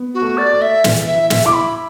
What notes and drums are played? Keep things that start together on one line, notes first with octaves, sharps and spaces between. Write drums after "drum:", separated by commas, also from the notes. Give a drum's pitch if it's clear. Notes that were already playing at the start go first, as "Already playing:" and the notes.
Already playing: B3
F#4
A3
D5
A3
E5
E3, drum: snare
E5
E4
E5, drum: snare
E4 D6
B5